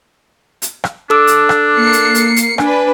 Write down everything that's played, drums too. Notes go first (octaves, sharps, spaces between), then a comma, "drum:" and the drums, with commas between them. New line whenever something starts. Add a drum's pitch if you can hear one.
drum: hi-hat
drum: rim click
D4 A4 D6 E6
drum: hi-hat
drum: rim click
A#3 C7 C#7
drum: hi-hat
drum: hi-hat
drum: hi-hat
D4 B4 G#5, drum: rim click